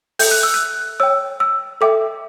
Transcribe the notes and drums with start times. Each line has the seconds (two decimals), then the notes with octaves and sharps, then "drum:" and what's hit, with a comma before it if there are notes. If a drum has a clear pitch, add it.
0.19 A4 E5 G5 G6, drum: open hi-hat
0.31 F#6
0.43 E6
0.54 F#6
1.00 C#5 G5 E6
1.40 E6
1.81 A4 E5 G5 D6